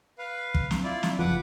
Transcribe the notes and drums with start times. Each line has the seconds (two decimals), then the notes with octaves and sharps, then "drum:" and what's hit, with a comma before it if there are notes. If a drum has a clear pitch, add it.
0.18 B4 F5
0.54 drum: kick
0.71 drum: snare
0.84 E4 F4 D5
1.03 drum: snare
1.19 F#1 F3 B4 F#5 D6